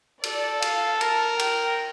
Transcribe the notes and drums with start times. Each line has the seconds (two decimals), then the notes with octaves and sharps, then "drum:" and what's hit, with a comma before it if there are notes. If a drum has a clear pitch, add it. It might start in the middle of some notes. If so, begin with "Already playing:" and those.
0.23 A4 D5, drum: cymbal
0.62 F5, drum: cymbal
1.01 A#4 A5, drum: cymbal
1.39 G5, drum: cymbal